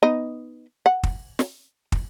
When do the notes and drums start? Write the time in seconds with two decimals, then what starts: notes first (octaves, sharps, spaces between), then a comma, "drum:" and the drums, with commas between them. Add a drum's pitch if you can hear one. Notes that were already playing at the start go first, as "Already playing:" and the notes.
0.03 B3 D#4 D#5
0.86 F#5
1.03 drum: kick
1.39 drum: snare
1.92 drum: kick